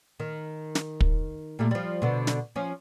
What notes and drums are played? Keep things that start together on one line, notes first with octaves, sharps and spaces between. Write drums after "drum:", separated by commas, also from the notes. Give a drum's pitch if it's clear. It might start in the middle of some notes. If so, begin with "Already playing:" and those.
D#3
drum: snare
drum: kick
A#2 G3 A3
F3 G3
B2 D3
drum: snare
F3 C#4